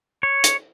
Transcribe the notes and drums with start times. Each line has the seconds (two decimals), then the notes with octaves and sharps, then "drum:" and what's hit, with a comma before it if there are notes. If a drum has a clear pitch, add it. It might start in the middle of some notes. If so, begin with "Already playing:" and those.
0.23 C#5
0.44 drum: hi-hat